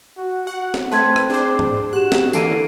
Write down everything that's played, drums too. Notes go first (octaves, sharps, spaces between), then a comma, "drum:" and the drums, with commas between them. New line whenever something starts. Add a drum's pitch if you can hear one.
F#4
F#4 F#5
drum: snare
A3 C4 B4 A5 C6 G#6
drum: rim click
D4 G#4 C5 D6
drum: tom G#2
F#4 G4 F#6 E7
drum: snare
D3 E3 A#3 A4 C7 D7 D#7, drum: tambourine